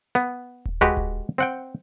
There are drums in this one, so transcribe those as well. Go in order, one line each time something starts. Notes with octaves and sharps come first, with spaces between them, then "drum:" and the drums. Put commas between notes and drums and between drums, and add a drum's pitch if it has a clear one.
B3
drum: kick D#1
G#3 F#4 G4 B4, drum: tom D2
drum: kick D#1
C4 F#5 G5